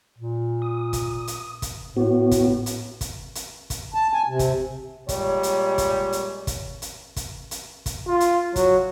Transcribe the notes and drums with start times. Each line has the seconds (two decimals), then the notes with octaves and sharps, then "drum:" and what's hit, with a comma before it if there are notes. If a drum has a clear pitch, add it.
0.18 A#2
0.62 D#6
0.93 drum: kick, hi-hat
1.27 drum: hi-hat
1.62 drum: kick, hi-hat
1.97 A2 B3 F#4
2.31 drum: kick, hi-hat
2.66 drum: hi-hat
3.01 drum: kick, hi-hat
3.35 drum: hi-hat
3.70 drum: kick, hi-hat
3.94 A5
4.13 G#5
4.27 C3
4.39 drum: kick, hi-hat
5.09 A#2 G3 G#3 C#5, drum: kick, hi-hat
5.43 drum: hi-hat
5.78 drum: kick, hi-hat
6.12 drum: hi-hat
6.47 drum: kick, hi-hat
6.82 drum: hi-hat
7.16 drum: kick, hi-hat
7.51 drum: hi-hat
7.86 drum: kick, hi-hat
8.07 F4
8.20 drum: hi-hat
8.56 F#3, drum: kick, hi-hat